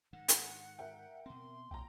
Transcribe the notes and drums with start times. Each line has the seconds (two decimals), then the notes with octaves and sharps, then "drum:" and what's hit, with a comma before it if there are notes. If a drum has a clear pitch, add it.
0.13 G#2 D#3 F#5
0.28 drum: hi-hat
0.79 A#4 E5 G5
1.26 B2 C4 C6
1.71 B1 A#2 G5 A#5